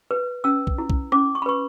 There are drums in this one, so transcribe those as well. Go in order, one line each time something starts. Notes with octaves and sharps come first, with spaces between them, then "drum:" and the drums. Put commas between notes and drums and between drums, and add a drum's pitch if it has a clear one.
B4
C#4 E6
drum: kick
E4
drum: kick
C#4 D6, drum: rim click
C#6
B5
B4 C#6